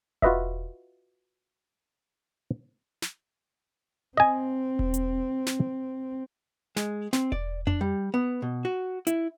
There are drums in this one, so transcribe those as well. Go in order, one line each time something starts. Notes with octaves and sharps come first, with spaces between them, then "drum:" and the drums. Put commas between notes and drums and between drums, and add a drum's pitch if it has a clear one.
F4 F#4 B4 D#5 E5, drum: kick E1
drum: snare
C4 D#5 G#5
drum: kick E1
drum: hi-hat
drum: snare
G#3, drum: snare
C4, drum: snare
D5, drum: kick E1
D4, drum: tom F2
G3
B3
B2
F#4
E4, drum: hi-hat